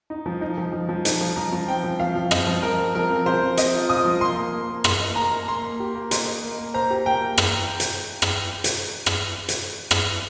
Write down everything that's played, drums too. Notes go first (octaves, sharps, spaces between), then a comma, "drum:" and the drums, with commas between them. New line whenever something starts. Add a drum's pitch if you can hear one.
D#4
F3
D#4
F3
F3
F3
D#4, drum: hi-hat
F3
F3 A#5
F3
C4 G5
F3
F3 F5
F3
C4 D#5, drum: rim click
F3
F3 A#4
C4
F3 A#4
C4
F3 C5
C4
C4 D#5, drum: hi-hat
F4
F4 D#6
F3
A#3 C6
A#3
A#3
A#3
A#3 C6, drum: rim click
D#5
A#3 A#5
A#3
A#3 C6
A#3
G4
A#3
D#5 C6, drum: hi-hat
D#5
A#3
A#3
C5 A#5
G4
A#3 G5
drum: rim click
drum: hi-hat
drum: rim click
drum: hi-hat
drum: rim click
drum: hi-hat
drum: rim click